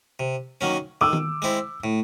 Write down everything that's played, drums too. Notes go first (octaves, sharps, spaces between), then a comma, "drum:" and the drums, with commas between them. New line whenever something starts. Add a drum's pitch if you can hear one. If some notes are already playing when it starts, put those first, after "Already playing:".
C3
D#3 F#3 A#3 C#4
D#3 D6 E6
drum: tom D#3
G#3 C4 E4
A2